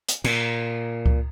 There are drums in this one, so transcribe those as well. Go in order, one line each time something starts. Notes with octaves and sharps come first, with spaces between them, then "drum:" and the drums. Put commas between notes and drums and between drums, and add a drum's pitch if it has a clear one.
drum: hi-hat
A#2, drum: cymbal
drum: kick C#2